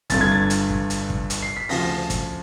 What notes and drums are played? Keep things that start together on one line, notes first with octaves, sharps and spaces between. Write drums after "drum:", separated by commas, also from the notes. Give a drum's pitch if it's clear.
G1 G2 D3 A6, drum: kick, hi-hat
G#6
A6
drum: hi-hat
drum: kick
drum: hi-hat
drum: kick
drum: hi-hat
C7
B6
D2 C#3 F3 A#6, drum: open hi-hat
drum: kick, hi-hat